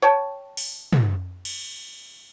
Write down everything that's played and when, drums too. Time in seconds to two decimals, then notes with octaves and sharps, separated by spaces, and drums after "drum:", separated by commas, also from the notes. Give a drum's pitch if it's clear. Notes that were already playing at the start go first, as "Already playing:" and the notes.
0.02 C#5 G5 A5
0.57 drum: open hi-hat
0.93 drum: tom
1.45 drum: cymbal